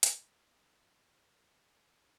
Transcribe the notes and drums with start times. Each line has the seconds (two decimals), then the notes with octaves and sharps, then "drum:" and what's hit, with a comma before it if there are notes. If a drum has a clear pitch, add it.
0.03 drum: hi-hat
0.13 C#3 F3 A#3
0.58 F#2 F#4
0.71 G4
0.83 F#4
1.02 C#3 F3 A#3 D#4
1.47 F3 D4
1.77 D4
1.92 G#3 C4 E4